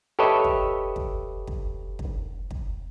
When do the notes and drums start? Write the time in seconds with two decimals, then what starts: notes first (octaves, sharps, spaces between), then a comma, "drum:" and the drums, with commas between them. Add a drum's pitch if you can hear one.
0.19 G4 A4 B4 C#5 D#5 E5
0.44 drum: kick
0.96 drum: kick
1.47 drum: kick
1.99 drum: kick
2.51 drum: kick